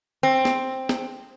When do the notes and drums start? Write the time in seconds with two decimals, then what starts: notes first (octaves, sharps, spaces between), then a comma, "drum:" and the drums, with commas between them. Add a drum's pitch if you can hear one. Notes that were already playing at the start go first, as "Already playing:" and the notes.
0.23 C4
0.45 drum: snare
0.89 drum: snare